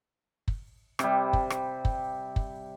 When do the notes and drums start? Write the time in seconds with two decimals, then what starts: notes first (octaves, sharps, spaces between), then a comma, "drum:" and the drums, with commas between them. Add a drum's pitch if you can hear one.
0.48 drum: kick
0.99 C3 G3, drum: rim click
1.33 drum: kick
1.50 drum: rim click
1.85 drum: kick
2.36 drum: kick